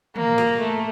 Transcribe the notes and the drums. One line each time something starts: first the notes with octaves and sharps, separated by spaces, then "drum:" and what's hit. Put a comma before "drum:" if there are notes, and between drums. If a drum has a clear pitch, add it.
A#3, drum: tom
drum: snare
A3